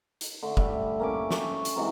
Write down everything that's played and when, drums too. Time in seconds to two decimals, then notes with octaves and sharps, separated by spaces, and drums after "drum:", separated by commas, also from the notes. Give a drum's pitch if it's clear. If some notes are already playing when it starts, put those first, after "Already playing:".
0.21 drum: hi-hat
0.43 D3 A3
0.57 G3 E5 B5, drum: kick
1.00 A#3 C#4 D6
1.31 G4 A5 C#6 D6, drum: snare
1.53 C#5
1.65 drum: hi-hat
1.76 G#2 C3 E3 F#3